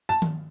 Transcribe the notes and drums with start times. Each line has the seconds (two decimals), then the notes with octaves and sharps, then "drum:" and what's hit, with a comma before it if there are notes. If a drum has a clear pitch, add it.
0.09 A5
0.22 drum: tom D#3